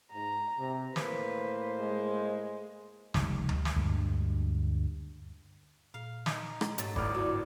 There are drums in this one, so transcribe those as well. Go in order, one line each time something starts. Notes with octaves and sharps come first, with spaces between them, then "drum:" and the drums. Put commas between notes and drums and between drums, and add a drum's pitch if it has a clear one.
G#2 A#5
C3
A2 A#3 B4 C5, drum: snare
G#3
F1 C#2 D#3 G3, drum: snare
drum: tom D2
drum: snare
D2 G2 G#3
A#2 F5
D#4, drum: snare
drum: rim click
G#2 F#3 A3 A6, drum: hi-hat
G1 A2 D5 B5 F6, drum: kick F#1
A#2 E4 F#4